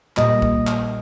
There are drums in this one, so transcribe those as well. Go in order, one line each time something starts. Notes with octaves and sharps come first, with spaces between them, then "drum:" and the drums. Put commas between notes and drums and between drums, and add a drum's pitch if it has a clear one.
A#2 G3 A#3 D#5, drum: clap
drum: kick
drum: clap